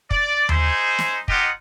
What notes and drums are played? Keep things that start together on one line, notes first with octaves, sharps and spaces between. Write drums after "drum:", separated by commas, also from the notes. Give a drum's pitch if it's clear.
D5, drum: kick
D#4 E4 G#4 C5, drum: tom D#2
drum: snare
D#4 F4 G4 D#5 F#5, drum: kick